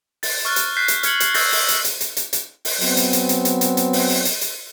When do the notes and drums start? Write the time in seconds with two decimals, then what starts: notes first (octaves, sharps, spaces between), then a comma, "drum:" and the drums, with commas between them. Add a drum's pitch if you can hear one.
0.23 A6, drum: open hi-hat
0.45 C#6 F6 F#6 A6
0.56 drum: hi-hat
0.77 F#6 G6 B6 C7
0.88 drum: hi-hat
1.03 F6 G#6 C#7 F#7, drum: hi-hat
1.20 drum: hi-hat
1.34 C#6 E6 G6 A6 A#6, drum: open hi-hat
1.52 drum: open hi-hat
1.68 drum: hi-hat
1.84 drum: hi-hat
2.01 drum: hi-hat
2.17 drum: hi-hat
2.33 drum: hi-hat
2.65 drum: open hi-hat
2.81 F#3 B3 C4, drum: open hi-hat
2.97 drum: hi-hat
3.13 drum: hi-hat
3.29 drum: hi-hat
3.45 drum: hi-hat
3.61 drum: hi-hat
3.77 drum: hi-hat
3.93 drum: open hi-hat
4.09 drum: open hi-hat
4.25 drum: hi-hat
4.41 drum: hi-hat